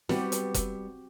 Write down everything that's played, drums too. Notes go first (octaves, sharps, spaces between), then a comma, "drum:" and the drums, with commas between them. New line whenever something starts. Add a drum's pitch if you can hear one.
G3 B3 C4 F#4 G4, drum: snare
drum: hi-hat
drum: kick F1, hi-hat